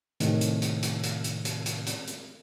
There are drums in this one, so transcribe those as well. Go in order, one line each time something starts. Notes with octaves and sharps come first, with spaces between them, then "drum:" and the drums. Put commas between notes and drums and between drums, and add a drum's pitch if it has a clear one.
A2 C3 D#3, drum: hi-hat
drum: hi-hat
drum: hi-hat
drum: hi-hat
drum: hi-hat
drum: hi-hat
drum: hi-hat
drum: hi-hat
drum: hi-hat
drum: hi-hat